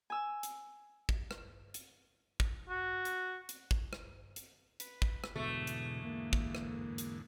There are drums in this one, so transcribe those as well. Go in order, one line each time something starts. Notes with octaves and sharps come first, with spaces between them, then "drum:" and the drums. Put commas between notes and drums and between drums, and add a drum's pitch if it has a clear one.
G#5 E6
drum: hi-hat
drum: kick
drum: rim click
drum: hi-hat
drum: kick
F#4
drum: hi-hat
drum: hi-hat
drum: kick
drum: rim click
drum: hi-hat
B4, drum: hi-hat
drum: kick
drum: rim click
E2 G#2 B2 D3 A3
drum: hi-hat
A#3
drum: kick
drum: rim click
drum: hi-hat